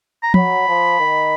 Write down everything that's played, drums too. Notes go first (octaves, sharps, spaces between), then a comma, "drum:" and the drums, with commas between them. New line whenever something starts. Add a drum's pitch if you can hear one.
A#5
F#3 B5, drum: tom
F3
D#3